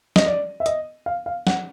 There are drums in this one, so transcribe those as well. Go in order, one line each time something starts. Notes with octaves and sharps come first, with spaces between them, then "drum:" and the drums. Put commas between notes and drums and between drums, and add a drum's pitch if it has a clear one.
D#5, drum: snare
D5
E5
D#5, drum: hi-hat
F5
F5
F#5, drum: snare